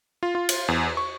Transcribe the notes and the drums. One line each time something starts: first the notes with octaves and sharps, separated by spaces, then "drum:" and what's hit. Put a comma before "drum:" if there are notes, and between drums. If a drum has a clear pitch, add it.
F4
F4
drum: cymbal
E2
C#6